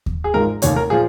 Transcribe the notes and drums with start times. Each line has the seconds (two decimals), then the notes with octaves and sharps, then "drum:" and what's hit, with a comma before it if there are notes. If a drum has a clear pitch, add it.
0.06 drum: kick D#2
0.24 G#4
0.34 G#1 G#2 F3 G#3 A#4
0.62 F1 D#2 D#3 C#5, drum: hi-hat
0.76 A#4
0.90 A#2 F3 G#4